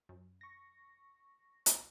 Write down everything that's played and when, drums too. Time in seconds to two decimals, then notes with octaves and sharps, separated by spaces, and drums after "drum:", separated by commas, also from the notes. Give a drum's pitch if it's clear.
0.09 F#2
0.41 C#6 A#6
1.66 drum: hi-hat